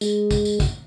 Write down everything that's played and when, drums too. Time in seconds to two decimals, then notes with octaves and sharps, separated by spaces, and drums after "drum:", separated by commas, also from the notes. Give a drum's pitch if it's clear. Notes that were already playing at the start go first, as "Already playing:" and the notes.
0.01 G#3, drum: tambourine
0.31 drum: kick, tambourine
0.45 drum: tambourine
0.60 drum: kick, tambourine